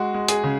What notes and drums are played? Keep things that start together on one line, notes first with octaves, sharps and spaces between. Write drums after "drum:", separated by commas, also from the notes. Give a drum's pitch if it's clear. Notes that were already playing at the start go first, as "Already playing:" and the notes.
Already playing: G#3 F#4
G#3
G#4, drum: hi-hat
C#3